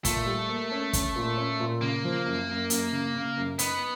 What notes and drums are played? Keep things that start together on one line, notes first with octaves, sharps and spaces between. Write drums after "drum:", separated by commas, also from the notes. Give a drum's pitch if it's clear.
A#2 A3, drum: kick, hi-hat
G3
A#3
C#4
C#4, drum: kick, hi-hat
A#2
C#4
A#2
C#3 A#3
F3
F#2
F#2
F#2, drum: hi-hat
C#3
C#3
F#2
B3 D#4, drum: hi-hat